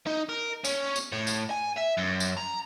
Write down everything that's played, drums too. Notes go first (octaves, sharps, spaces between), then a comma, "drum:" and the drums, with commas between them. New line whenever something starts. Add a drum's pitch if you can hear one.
D#4
A#4
C#4, drum: tambourine
drum: tambourine
A2
drum: tambourine
G#5
E5
F#2
drum: tambourine
A#5